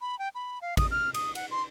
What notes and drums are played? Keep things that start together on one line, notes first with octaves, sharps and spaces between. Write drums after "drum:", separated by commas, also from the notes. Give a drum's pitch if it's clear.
B5
G5
B5
F5
D#6, drum: kick A1, cymbal
F6
D#6, drum: cymbal
F#5, drum: cymbal
C6